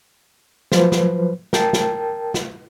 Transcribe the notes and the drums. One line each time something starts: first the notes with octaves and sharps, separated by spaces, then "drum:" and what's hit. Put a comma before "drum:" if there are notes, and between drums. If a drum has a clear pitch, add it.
F3 F#3 B4 C5, drum: snare
drum: snare
A#4 G5 A5, drum: snare
drum: snare
drum: snare